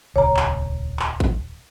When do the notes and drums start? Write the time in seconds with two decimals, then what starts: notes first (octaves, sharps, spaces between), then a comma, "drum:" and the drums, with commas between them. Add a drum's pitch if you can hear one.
0.16 D#1 C#2 C#5 A#5
0.37 drum: clap
0.99 drum: clap
1.20 drum: kick A1